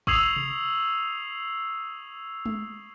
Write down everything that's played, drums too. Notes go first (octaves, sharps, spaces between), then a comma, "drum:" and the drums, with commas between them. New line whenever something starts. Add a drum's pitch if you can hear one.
C#6 D#6 E6 G#6 C7 F7, drum: kick
drum: tom C3
drum: tom G#3